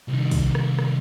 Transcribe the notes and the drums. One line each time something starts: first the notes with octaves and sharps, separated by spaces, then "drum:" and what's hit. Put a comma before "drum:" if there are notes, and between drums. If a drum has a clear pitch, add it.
C2 D#3
drum: kick, open hi-hat
drum: rim click
drum: rim click